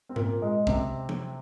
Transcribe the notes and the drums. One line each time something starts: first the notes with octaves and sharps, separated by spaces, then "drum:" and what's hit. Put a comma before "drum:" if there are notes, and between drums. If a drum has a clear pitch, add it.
C4
A#2 A#3, drum: tom G#2
G#3
C3 C4, drum: kick
drum: tom E3